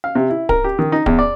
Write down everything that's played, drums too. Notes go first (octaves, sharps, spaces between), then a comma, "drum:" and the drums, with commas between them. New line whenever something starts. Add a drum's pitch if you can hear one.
F5
C3
E4
A#4, drum: kick D1
G4
D#3
D#4
E2, drum: kick D1
D5